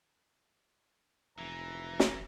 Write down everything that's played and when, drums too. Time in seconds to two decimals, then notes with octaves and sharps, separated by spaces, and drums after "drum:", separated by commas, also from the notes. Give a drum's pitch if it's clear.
1.38 F1 E3 A#5
2.00 drum: snare